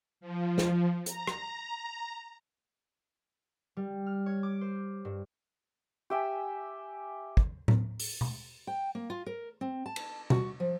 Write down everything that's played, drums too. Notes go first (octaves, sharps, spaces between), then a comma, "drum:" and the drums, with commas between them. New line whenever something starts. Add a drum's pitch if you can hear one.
F3
drum: snare
A#5, drum: hi-hat
drum: rim click
G3
F6
C#5
D6
C5
G2
G4 E5 G5 G#5
drum: kick
drum: tom A2
drum: open hi-hat
drum: tom B2
G5
A#3
F4
A#4
C4
A5
drum: cymbal
F#4, drum: tom B2
F3